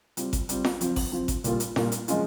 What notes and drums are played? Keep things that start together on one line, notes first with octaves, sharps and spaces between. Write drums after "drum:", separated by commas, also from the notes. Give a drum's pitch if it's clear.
G3 C4 F4, drum: hi-hat
drum: kick G#1, hi-hat
G3 C4 F4, drum: hi-hat
drum: snare
F3 C4 F4, drum: hi-hat
drum: kick G#1, open hi-hat
F3 C4 F4
drum: kick G#1, hi-hat
A#2 G3 A#3 F4, drum: hi-hat
drum: hi-hat
A#2 G3 A#3 F4, drum: snare
drum: hi-hat
F3 G#3 C#4 F4, drum: hi-hat